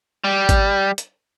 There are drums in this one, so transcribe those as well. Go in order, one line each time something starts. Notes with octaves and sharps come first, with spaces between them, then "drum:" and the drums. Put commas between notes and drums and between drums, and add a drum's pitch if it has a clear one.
G3
drum: kick, hi-hat
drum: hi-hat